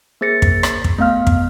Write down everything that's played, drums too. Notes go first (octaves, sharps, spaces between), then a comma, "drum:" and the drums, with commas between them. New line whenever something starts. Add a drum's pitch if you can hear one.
A#3 G#4 C5 A6 A#6 C#7
drum: kick
drum: rim click
drum: kick
A3 B3 F5 F6
drum: kick